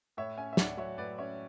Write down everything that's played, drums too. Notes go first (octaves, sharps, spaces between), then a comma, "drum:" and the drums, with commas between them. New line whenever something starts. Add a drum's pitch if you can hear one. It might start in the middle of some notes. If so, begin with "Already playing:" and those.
A2 C#5 E5
C#4 E5 G#5
E5
A2 D5 F#5, drum: snare
F#3 C#5 E5
A2 B4 D5
C#4 C#5 E5